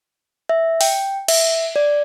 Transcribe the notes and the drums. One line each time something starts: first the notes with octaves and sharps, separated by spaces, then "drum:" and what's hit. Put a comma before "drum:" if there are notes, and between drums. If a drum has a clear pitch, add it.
E5
G5, drum: open hi-hat
E5, drum: cymbal
D5